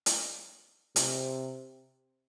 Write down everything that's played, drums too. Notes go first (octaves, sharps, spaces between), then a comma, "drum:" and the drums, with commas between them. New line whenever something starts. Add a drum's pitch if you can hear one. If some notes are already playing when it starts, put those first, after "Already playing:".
drum: hi-hat
C3, drum: hi-hat